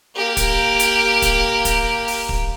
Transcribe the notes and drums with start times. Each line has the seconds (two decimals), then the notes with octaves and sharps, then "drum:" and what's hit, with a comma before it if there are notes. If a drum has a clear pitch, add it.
0.15 A#3 G4
0.37 drum: kick, hi-hat
0.80 drum: hi-hat
1.22 drum: kick, hi-hat
1.65 drum: kick, hi-hat
2.08 drum: open hi-hat
2.29 drum: kick